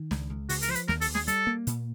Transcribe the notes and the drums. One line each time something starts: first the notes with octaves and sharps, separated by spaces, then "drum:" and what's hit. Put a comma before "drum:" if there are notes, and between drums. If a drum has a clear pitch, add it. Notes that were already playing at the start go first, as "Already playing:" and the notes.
Already playing: D#3
C#2, drum: snare
C#2
C#3 F#4, drum: open hi-hat
A#4, drum: hi-hat
F3 C5
B4, drum: hi-hat
D#2 A#4, drum: snare
A4, drum: open hi-hat
D#2
G#4, drum: snare
G3 A4, drum: hi-hat
A#3
A#2, drum: hi-hat